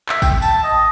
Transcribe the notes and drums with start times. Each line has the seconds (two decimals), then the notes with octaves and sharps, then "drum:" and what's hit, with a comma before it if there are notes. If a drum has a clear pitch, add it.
0.09 E5, drum: clap
0.22 G5, drum: kick, tambourine
0.42 A5, drum: tambourine
0.63 D#5